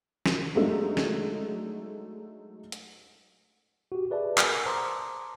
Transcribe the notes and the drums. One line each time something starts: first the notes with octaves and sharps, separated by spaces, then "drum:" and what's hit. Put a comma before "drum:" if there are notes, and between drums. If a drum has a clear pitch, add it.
drum: snare
F#3 G#3 A3 D4 D#4
drum: snare
drum: hi-hat
F#4 G4
G#4 B4 D5 E5 A5
A#4 F#5 G#5 E6, drum: clap
C5 A5 A#5 C6 D6 D#6